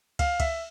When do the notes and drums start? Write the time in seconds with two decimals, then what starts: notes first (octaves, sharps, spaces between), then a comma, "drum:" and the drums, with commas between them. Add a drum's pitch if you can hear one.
0.19 F5, drum: kick, cymbal
0.40 E5, drum: kick, cymbal